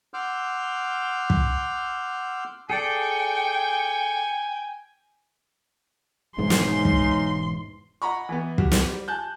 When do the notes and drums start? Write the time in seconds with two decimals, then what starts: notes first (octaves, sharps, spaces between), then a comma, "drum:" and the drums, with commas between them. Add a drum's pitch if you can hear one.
0.14 F#5 C6 D6 E6 F6 G6
1.30 drum: kick
2.70 G#4 A4 D5 G5 G#5 C#7
6.38 E1 G#2 E3 A#3 C#4 D#4 C6
6.50 drum: snare
6.85 drum: kick
8.02 D#5 F#5 A#5 B5 C#6
8.29 E3 B3
8.58 F#4 G4, drum: kick
8.72 drum: snare
8.89 G3
9.08 G#5 A5 F#6 G6